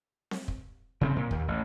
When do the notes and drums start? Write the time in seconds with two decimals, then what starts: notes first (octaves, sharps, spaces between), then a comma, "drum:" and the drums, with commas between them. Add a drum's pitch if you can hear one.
0.31 drum: snare C4
0.48 drum: kick
1.01 C#3 A#3 C4
1.16 A#2
1.31 D#2, drum: kick
1.48 A1